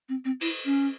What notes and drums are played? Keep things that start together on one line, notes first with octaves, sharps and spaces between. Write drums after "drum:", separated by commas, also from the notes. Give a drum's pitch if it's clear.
C4
C4
E4, drum: cymbal
C#4